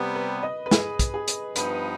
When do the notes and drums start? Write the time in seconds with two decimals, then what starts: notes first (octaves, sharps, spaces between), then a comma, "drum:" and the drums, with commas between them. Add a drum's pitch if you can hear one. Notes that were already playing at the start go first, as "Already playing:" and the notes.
Already playing: C3 G3 B3
0.15 B4
0.43 D#5
0.66 B4
0.71 G#4, drum: snare
0.99 drum: kick, hi-hat
1.14 G#4
1.28 drum: hi-hat
1.56 G2 F3 B3 D#4 B4, drum: hi-hat